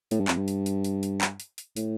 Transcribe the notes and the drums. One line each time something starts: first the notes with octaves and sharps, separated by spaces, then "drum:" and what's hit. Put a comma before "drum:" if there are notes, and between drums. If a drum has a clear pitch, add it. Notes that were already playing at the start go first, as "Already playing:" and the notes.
A2, drum: hi-hat
G2
F2, drum: clap
G2
drum: hi-hat
drum: hi-hat
drum: hi-hat
drum: hi-hat
drum: clap
drum: hi-hat
drum: hi-hat
A2, drum: hi-hat